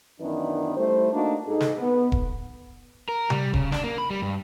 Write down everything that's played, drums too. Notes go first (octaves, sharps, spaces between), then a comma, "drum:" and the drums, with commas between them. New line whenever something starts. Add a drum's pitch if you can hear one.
F#2 D#3 E3 B3 D4
G3 A3 E4 C5
A3 A#3 D4 D#4 F#4
G#2 D#4 G#4 A4
drum: snare
B3
drum: kick E1
A#4
G3, drum: tom C3
C#3, drum: kick E1
D4, drum: snare
A#3
B5
G3
G2